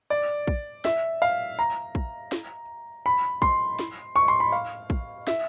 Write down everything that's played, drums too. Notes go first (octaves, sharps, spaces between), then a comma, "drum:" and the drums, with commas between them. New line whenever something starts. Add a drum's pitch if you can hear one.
D5
drum: kick
E5, drum: snare
F5
A#5
drum: kick
drum: snare
B5
C6, drum: kick
drum: snare
C#6
C6
B5
F5
drum: kick
E5, drum: snare